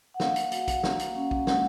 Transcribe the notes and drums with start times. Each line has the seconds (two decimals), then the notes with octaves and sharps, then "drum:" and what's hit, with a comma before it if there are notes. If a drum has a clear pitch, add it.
0.14 F#5
0.20 A#3 F5, drum: snare
0.36 drum: hi-hat
0.52 F#4, drum: hi-hat
0.68 drum: kick, hi-hat
0.84 A#3, drum: snare
0.99 drum: hi-hat
1.15 C#4
1.31 drum: kick
1.47 G#3 F#5, drum: snare